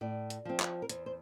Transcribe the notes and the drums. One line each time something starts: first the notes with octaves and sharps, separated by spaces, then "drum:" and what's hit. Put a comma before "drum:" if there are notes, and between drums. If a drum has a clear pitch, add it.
A2 D5
drum: hi-hat
F3 C4
drum: clap
A#4
E2 C5, drum: hi-hat
C5